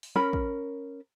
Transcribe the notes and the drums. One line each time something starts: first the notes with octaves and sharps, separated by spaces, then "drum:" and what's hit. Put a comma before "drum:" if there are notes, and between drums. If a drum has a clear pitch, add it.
drum: open hi-hat
C#4 A#4 B5
drum: kick